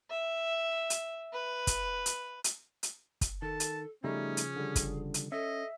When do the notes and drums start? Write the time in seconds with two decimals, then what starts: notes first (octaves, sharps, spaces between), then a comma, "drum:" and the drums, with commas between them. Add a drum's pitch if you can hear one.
0.10 E5
0.90 drum: hi-hat
1.33 B4
1.67 drum: kick, hi-hat
2.06 drum: hi-hat
2.44 drum: hi-hat
2.83 drum: hi-hat
3.21 drum: kick, hi-hat
3.42 D#3 A4 A5
3.60 drum: hi-hat
4.04 C#3 F3 G3 A3 C#4 D#4 G#4
4.37 drum: hi-hat
4.56 D3 G3
4.76 drum: kick, hi-hat
5.14 drum: hi-hat
5.32 C#4 A4 D#5 E5